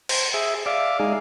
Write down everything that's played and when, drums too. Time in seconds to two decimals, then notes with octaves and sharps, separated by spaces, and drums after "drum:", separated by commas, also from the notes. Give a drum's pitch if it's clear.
0.09 C5, drum: cymbal
0.34 G#4 E5
0.66 D5 E5 F5 D6
0.99 G#3 D#4 G#4 F5